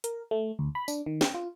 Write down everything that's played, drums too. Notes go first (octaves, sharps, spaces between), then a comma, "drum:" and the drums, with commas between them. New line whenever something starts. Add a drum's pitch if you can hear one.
A#4, drum: hi-hat
A3
D2
B5
D4, drum: tambourine
D#3
G5, drum: snare
F4